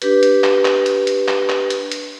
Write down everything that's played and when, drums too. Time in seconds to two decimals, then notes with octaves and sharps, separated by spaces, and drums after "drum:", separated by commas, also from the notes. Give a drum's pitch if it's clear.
0.02 D4 G4 B4, drum: hi-hat
0.23 drum: hi-hat
0.44 drum: clap
0.65 drum: clap
0.86 drum: hi-hat
1.07 drum: hi-hat
1.28 drum: clap
1.49 drum: clap
1.70 drum: hi-hat
1.92 drum: hi-hat